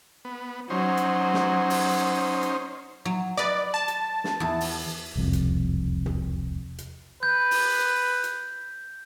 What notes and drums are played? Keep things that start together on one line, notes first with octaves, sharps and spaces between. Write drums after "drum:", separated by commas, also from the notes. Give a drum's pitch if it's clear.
B3
F#3 C#4 D#4 C5
drum: hi-hat
drum: snare
drum: open hi-hat
drum: hi-hat
F#3
B4 D5 D#5
A5
drum: hi-hat
drum: snare
E2 A4
drum: open hi-hat
E1 C2 F2
drum: hi-hat
drum: tom
drum: hi-hat
B4 G6
drum: open hi-hat
drum: hi-hat